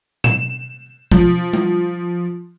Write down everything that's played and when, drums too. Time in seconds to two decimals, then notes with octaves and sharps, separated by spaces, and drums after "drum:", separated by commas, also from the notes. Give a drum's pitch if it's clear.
0.24 E7, drum: tom A2
1.12 F3, drum: kick
1.53 drum: tom G3